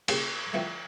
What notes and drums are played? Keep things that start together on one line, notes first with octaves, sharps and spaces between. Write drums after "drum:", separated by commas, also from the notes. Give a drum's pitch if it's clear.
C#3 A#3 C#4 G4 G#4, drum: cymbal
D3 E3 F3 A3 B3 C4